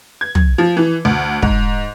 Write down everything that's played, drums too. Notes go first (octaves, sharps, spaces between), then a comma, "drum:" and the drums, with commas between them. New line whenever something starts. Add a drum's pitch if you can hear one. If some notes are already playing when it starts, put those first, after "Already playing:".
G#6
drum: tom
F3
E3
D2
G#2, drum: kick